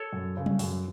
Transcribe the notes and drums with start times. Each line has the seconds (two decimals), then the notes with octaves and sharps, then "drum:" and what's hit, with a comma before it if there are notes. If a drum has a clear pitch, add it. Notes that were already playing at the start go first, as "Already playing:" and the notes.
Already playing: A4 C#5
0.13 F#2
0.37 C#3
0.46 drum: tom F#3
0.59 F#2, drum: open hi-hat